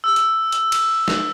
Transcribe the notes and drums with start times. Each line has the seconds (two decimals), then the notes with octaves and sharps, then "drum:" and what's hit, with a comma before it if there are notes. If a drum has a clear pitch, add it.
0.04 E6
0.16 drum: hi-hat
0.52 drum: hi-hat
0.72 drum: cymbal
1.08 drum: snare